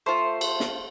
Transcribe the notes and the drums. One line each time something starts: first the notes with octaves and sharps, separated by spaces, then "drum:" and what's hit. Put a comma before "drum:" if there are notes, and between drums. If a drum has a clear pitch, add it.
A3 F4 C5
drum: cymbal
drum: snare